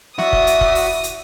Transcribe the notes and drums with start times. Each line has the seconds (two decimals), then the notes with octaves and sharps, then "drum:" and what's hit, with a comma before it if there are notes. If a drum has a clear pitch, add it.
0.19 E4 F#4 D5 E5 D#6, drum: snare
0.33 drum: kick
0.47 drum: hi-hat
0.61 drum: kick
0.75 drum: open hi-hat
1.03 drum: hi-hat